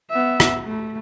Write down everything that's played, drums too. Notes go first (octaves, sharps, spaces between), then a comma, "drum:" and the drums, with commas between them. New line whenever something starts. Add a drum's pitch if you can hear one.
B3 E5
drum: rim click
A3